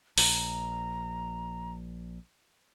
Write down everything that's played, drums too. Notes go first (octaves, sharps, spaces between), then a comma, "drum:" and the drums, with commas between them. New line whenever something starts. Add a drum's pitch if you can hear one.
A#1 A#5, drum: open hi-hat